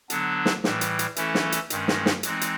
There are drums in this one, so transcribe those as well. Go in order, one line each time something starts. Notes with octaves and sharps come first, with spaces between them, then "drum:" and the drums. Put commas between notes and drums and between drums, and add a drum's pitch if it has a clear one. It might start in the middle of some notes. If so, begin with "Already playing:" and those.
D3 F#3 B3 D4, drum: hi-hat
drum: snare
A2 E3 G3, drum: snare
drum: hi-hat
drum: hi-hat
E3 A3 C#4 E4 A4, drum: hi-hat
drum: snare
drum: hi-hat
G2 D#3 G#3 C#4, drum: hi-hat
drum: snare
drum: snare
E3 G#3 C4 D#4, drum: hi-hat
drum: hi-hat